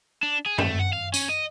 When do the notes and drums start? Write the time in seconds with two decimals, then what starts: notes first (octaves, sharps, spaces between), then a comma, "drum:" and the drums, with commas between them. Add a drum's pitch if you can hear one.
0.23 D4
0.46 G#4
0.58 A3, drum: tom F#2
0.79 F#5
0.93 F5
1.14 C#4, drum: tambourine
1.29 D#5